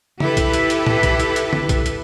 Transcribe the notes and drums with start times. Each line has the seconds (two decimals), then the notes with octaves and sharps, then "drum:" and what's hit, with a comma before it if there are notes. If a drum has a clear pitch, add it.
0.20 E4 G4 A4 B4, drum: tom C#3
0.37 drum: kick B1, hi-hat
0.53 drum: hi-hat
0.70 drum: hi-hat
0.87 drum: tom A2
1.03 drum: kick B1, hi-hat
1.20 drum: hi-hat
1.36 drum: hi-hat
1.53 drum: tom D3
1.69 drum: kick B1, hi-hat
1.86 drum: hi-hat